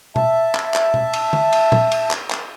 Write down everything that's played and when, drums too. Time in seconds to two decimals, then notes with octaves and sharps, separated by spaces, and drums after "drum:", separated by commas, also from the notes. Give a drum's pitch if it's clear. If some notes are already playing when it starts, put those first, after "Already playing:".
0.16 E5 A5, drum: tom B2
0.55 drum: clap
0.74 drum: clap
0.94 drum: tom B2
1.13 drum: cymbal
1.33 drum: tom
1.52 drum: cymbal
1.72 drum: tom A#2
1.92 drum: cymbal
2.11 drum: clap
2.31 drum: clap